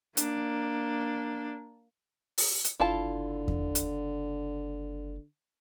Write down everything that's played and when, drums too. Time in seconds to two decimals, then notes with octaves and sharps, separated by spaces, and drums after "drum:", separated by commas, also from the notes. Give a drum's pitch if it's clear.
0.17 A#3 D4, drum: hi-hat
2.38 drum: open hi-hat
2.64 drum: hi-hat
2.80 F#1 D3 E4 F4 A5
3.48 drum: kick E2
3.75 drum: hi-hat